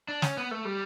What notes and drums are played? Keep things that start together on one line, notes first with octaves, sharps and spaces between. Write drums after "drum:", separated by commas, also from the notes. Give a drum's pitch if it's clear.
D4
C#4, drum: snare
B3
A3
G3